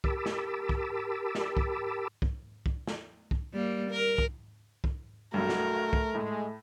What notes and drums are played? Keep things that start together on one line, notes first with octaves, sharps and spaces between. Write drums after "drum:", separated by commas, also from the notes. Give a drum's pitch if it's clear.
G4 A#4 A5 B5 D6 E6, drum: kick
drum: snare
drum: kick
drum: snare
drum: kick
drum: kick
drum: kick
drum: snare
drum: kick
G3 A#3
A#4
drum: kick
drum: kick
B1 G2 A3 F#4 A#4
drum: snare
drum: kick
A2 G#3